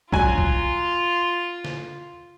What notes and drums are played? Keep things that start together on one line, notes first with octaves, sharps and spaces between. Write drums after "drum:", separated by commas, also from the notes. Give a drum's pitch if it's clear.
F#3 F4 G#5, drum: kick
drum: kick
drum: snare